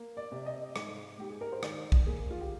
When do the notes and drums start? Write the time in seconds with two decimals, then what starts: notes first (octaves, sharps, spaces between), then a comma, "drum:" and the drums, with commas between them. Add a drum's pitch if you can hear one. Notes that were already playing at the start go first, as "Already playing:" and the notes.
Already playing: A#3
0.17 D5
0.32 C3
0.46 D#5
0.76 G#2, drum: rim click
1.19 G#2 G4
1.30 G#4
1.41 A#4
1.52 C5
1.63 D#3 D5, drum: rim click
1.92 drum: kick B1
2.07 A#3 G#4
2.31 F4
2.41 G4